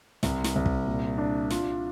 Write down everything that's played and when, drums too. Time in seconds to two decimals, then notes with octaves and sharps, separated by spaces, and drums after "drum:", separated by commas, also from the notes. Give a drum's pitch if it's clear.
0.23 C2, drum: snare
0.44 drum: snare
0.56 C2
0.66 drum: kick
0.86 A#2
1.18 D4
1.50 F4, drum: snare